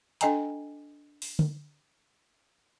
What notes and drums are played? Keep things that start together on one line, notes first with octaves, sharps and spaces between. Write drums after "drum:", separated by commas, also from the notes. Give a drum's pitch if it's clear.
D4 A4 D#5 G5 G#5 A#5, drum: hi-hat
drum: open hi-hat
drum: tom D3